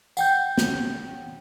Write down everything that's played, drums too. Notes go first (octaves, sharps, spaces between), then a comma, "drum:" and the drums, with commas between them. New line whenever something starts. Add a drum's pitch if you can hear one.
F#5 G5 G6, drum: tambourine
drum: snare